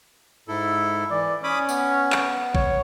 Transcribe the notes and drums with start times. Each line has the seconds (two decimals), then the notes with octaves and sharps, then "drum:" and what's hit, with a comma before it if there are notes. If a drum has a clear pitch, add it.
0.48 G#2 E4 A4
1.11 E3 D5
1.44 C#4 B5 D6 D#6
1.69 B3, drum: tambourine
2.12 drum: clap
2.55 C#5, drum: kick A1